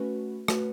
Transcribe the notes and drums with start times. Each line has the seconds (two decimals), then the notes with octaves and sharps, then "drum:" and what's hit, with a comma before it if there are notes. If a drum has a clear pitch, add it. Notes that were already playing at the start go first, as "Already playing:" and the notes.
Already playing: A3 C#4 F#4 B4
0.48 A3 C#4 F#4 B4, drum: rim click